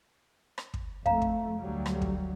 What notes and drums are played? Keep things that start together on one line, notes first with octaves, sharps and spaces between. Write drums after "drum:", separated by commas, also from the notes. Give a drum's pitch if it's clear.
drum: rim click
drum: kick
F2 A3 F5 A#5, drum: kick
drum: kick
D2 F#3 G3
drum: rim click
drum: kick